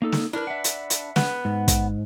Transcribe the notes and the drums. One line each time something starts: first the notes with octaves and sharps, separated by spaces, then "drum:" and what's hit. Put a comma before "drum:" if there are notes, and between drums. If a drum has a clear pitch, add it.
A#3 D#4 A4
drum: snare
D4 E4 A#4 B4
E5 F#5
drum: hi-hat
drum: hi-hat
B3, drum: snare
G#2
drum: kick, hi-hat